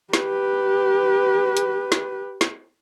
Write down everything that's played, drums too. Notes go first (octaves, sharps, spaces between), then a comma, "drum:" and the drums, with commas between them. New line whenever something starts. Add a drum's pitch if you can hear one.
G4 B4, drum: snare
drum: hi-hat
drum: snare
drum: snare